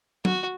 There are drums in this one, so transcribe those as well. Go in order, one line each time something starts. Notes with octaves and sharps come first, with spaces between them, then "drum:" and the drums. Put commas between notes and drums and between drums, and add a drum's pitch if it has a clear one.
F#4, drum: tom